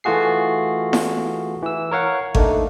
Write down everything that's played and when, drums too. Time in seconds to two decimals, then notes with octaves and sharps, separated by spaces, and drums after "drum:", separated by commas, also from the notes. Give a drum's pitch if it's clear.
0.04 E3 A3 F4 F#4 G#4 C7
0.93 drum: snare E4
1.62 E3 E6
1.91 A#4 C#5 F5 F#5
2.35 A3 A#3 D4 D#4, drum: kick G#1